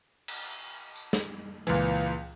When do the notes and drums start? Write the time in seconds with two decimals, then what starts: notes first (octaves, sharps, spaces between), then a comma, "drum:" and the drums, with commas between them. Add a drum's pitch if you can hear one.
0.28 drum: cymbal
0.96 drum: tambourine
1.13 drum: snare
1.67 C#2 A#2 E3, drum: cymbal